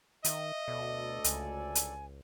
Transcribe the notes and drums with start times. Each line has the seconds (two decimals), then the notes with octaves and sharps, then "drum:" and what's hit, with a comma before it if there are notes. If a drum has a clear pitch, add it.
0.24 D#3 D#5 E5, drum: hi-hat
0.68 D2 B2 A4 D5
1.24 C#2 G#5, drum: hi-hat
1.75 drum: hi-hat